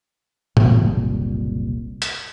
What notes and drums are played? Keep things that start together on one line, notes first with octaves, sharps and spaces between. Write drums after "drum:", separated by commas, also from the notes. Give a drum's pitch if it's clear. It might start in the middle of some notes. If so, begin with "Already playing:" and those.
F#1 C2 A#2, drum: tom
drum: hi-hat